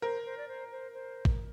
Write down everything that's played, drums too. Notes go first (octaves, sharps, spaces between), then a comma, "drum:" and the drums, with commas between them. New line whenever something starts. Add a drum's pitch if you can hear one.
A#4 C5
C5
D5
C5
C5
C5
drum: kick